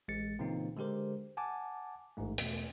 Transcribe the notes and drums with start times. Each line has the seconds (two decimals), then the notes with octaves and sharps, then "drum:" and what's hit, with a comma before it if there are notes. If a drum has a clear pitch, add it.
0.08 A1 G#3 A6 C#7
0.39 A#2 C#3 E3 A#3 C4 D#4
0.77 D3 G#3 G4 A#4 C5
1.37 F#5 G#5 A5 D6
2.17 A1 G#2 A3
2.38 E2 B2 A3, drum: hi-hat